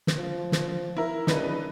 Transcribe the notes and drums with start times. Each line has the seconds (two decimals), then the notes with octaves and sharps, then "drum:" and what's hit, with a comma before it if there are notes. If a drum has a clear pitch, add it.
0.07 drum: snare
0.17 F3
0.52 drum: snare
0.97 E4 A#4
1.27 C#2 G2 D#3 D#4 B4, drum: snare